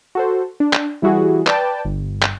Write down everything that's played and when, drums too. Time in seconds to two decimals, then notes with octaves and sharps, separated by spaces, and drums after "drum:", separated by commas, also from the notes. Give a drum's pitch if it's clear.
0.15 F#4 A4 C5
0.60 D4
0.73 drum: clap
1.02 E3 G3 E4 F#4 G#4
1.47 B4 D5 G5 A5, drum: clap
1.85 G1
2.22 drum: clap